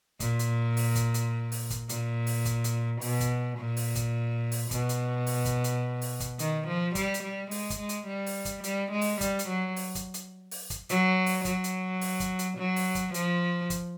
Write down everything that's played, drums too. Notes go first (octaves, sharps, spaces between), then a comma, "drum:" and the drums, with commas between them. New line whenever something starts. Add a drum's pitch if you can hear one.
A#2, drum: kick, hi-hat
drum: hi-hat
drum: open hi-hat
drum: kick, hi-hat
drum: hi-hat
drum: open hi-hat
drum: kick, hi-hat
A#2, drum: hi-hat
drum: open hi-hat
drum: kick, hi-hat
drum: hi-hat
B2, drum: open hi-hat
drum: kick, hi-hat
A#2
drum: open hi-hat
drum: kick, hi-hat
drum: open hi-hat
B2, drum: kick, hi-hat
drum: hi-hat
drum: open hi-hat
drum: kick, hi-hat
drum: hi-hat
drum: open hi-hat
drum: kick, hi-hat
D#3, drum: hi-hat
F3
G3, drum: kick, hi-hat
drum: hi-hat
G3
G#3, drum: open hi-hat
drum: kick, hi-hat
G#3
drum: hi-hat
G3
drum: open hi-hat
drum: kick, hi-hat
G3, drum: hi-hat
G#3
drum: open hi-hat
G3, drum: kick, hi-hat
drum: hi-hat
F#3
drum: open hi-hat
drum: kick, hi-hat
drum: hi-hat
drum: open hi-hat
drum: kick, hi-hat
F#3, drum: hi-hat
drum: open hi-hat
F#3, drum: kick, hi-hat
drum: hi-hat
drum: open hi-hat
drum: kick, hi-hat
drum: hi-hat
F#3
drum: open hi-hat
drum: kick, hi-hat
F3, drum: hi-hat
drum: kick, hi-hat